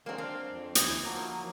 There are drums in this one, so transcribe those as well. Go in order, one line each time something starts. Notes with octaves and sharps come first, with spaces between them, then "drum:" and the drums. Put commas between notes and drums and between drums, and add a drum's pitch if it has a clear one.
D3 F#3 G#3 A#3 C4
C4 D4 F5
F2
D2 E3 D#4 E4 G6, drum: hi-hat
F3 F#3 A#3